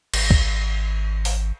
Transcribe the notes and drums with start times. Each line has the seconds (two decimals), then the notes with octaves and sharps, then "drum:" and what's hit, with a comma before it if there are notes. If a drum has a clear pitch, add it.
0.14 G#1, drum: cymbal
0.30 drum: kick
1.25 drum: open hi-hat